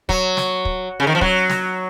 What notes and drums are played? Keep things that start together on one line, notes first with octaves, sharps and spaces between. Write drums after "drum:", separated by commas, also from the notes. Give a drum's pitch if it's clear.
F#3, drum: kick
drum: snare
drum: kick
C#3
D#3
F3
F#3, drum: kick
drum: snare